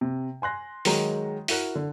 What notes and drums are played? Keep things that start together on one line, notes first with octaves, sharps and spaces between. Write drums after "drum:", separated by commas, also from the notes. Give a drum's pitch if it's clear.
C3
G#5 C6 F#6 A#6
D#3 F#3 G#3 A#5, drum: open hi-hat
E4 F#4 A#4 F#6, drum: open hi-hat
D3